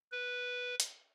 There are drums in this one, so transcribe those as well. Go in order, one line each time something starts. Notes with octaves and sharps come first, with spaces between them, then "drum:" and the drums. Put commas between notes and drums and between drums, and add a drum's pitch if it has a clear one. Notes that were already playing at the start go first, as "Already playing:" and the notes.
B4
drum: hi-hat